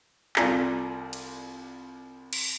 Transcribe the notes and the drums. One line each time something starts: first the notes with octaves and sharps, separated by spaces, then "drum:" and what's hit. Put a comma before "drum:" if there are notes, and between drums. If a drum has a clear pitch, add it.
C2 F4 A4 D5 G#5 A#5, drum: clap
drum: cymbal
drum: cymbal